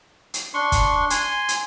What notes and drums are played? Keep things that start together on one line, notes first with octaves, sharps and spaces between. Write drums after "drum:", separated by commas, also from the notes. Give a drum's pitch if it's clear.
drum: hi-hat
D4 C6 C#6
drum: kick, hi-hat
G#5 C6, drum: hi-hat
drum: hi-hat